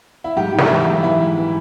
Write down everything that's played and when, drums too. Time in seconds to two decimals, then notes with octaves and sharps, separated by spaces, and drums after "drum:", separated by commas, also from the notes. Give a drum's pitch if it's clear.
0.24 E4
0.36 G#2 G4
0.53 G#2
0.58 E4, drum: snare
0.70 E3
0.81 E4
0.87 G#2
1.03 E3 E4
1.20 G#2
1.37 E3